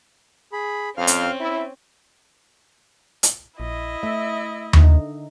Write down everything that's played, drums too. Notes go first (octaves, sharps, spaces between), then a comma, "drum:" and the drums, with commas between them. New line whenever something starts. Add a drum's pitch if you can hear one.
G#4 B5
F2 C4 C#4 F5 F6
drum: hi-hat
E4 E5
drum: hi-hat
A#1 E4 D#5
A3 E5
D3 D#4, drum: tom D#2